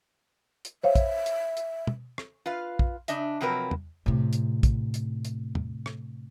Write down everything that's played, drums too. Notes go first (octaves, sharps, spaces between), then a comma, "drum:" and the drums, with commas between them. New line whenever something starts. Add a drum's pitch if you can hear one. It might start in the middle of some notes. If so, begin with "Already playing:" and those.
drum: hi-hat
C5 C#5 E5 F5
drum: kick, hi-hat
drum: hi-hat
drum: hi-hat
drum: tom
drum: rim click
F4 B4 F5
drum: kick
C#3 D4 D#5 E5, drum: hi-hat
C3 F3 F#3 C4 A#4 B4
drum: tom
A2 C3
drum: hi-hat
drum: kick, hi-hat
drum: hi-hat
drum: hi-hat
drum: tom
drum: rim click